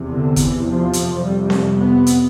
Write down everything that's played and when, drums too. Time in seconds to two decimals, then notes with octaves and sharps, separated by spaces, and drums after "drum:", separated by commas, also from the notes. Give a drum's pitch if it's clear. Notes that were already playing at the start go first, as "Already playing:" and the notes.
Already playing: E2 C3
0.08 D3
0.36 E3, drum: kick, hi-hat
0.65 F3
0.93 F2 C3, drum: hi-hat
1.22 G3
1.50 drum: snare C4
1.78 B3
2.06 drum: hi-hat